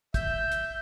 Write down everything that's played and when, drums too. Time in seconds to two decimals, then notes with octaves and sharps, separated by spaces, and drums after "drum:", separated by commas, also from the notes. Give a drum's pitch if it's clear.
0.14 E5 G6, drum: kick, hi-hat
0.52 drum: hi-hat